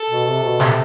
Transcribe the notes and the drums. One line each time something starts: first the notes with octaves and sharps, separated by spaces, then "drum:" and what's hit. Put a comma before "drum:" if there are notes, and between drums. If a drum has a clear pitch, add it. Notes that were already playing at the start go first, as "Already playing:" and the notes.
Already playing: A4
B2
C3
B2
C3, drum: snare